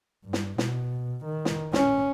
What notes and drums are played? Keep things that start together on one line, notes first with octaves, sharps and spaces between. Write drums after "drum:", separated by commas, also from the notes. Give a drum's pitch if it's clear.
G2
drum: snare
B2, drum: snare
D#3
drum: snare
C#4, drum: snare